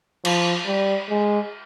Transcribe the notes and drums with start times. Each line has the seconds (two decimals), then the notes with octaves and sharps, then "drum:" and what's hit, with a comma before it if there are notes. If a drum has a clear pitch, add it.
0.25 F3, drum: cymbal
0.66 G3
1.10 G#3